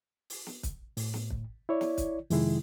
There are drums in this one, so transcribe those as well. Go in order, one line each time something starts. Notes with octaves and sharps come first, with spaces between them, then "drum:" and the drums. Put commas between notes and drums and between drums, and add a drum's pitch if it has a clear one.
drum: open hi-hat
drum: snare
drum: kick, hi-hat
A2, drum: open hi-hat
drum: snare
drum: kick
E4 C#5 D5
drum: snare
drum: kick, hi-hat
F2 C3 D#3 G#3 E4, drum: open hi-hat